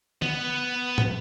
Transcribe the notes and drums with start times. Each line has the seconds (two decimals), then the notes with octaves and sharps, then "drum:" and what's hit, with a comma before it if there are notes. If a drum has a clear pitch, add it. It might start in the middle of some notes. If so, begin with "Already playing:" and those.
0.22 B3, drum: tom
0.98 drum: tom